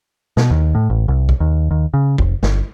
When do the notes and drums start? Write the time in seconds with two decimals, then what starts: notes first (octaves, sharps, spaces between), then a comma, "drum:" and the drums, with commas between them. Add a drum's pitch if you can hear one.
0.37 B2, drum: snare
0.51 D#2
0.75 A2
0.90 A1
1.08 C2
1.29 drum: kick
1.40 D#2
1.71 D#2
1.94 C#3
2.18 F1, drum: kick
2.43 G1, drum: snare